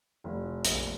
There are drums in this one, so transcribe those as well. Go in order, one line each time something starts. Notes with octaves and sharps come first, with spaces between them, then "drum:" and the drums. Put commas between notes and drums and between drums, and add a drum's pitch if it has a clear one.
F1
A#1, drum: hi-hat